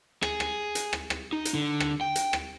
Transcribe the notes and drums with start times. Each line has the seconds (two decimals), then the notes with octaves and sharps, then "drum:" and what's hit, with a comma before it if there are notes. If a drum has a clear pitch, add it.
0.23 G#4, drum: rim click
0.40 drum: rim click
0.75 drum: hi-hat
0.93 drum: rim click
1.10 drum: rim click
1.33 D#4
1.45 drum: hi-hat
1.55 D3
1.80 drum: rim click
2.01 G5
2.16 drum: hi-hat
2.33 drum: rim click